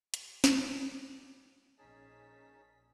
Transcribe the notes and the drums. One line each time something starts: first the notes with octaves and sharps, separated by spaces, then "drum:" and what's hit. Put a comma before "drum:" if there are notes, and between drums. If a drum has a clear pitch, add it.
G4, drum: hi-hat
drum: snare
A#1 C#4 D#4 G#4 A5 B6